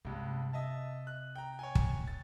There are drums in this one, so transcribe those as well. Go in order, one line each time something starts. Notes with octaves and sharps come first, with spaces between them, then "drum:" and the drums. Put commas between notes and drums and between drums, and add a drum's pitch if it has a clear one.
C#2 G2 C3
D#5 E5 A5
F#6
G5 A#5
C#5 G5 G#5
drum: kick
A6